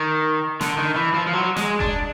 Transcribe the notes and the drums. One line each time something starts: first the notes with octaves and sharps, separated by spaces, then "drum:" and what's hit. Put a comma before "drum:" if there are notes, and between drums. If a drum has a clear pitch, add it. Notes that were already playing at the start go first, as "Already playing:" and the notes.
Already playing: D#3
D3, drum: snare
D#3
E3
F3
F3
F#3
G#3, drum: snare
D4, drum: kick F1